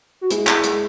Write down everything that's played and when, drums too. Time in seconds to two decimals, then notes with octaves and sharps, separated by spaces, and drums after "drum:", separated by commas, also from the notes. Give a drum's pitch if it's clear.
0.21 F#4
0.31 G#3 E4, drum: hi-hat
0.47 G#3, drum: clap
0.64 G#3, drum: hi-hat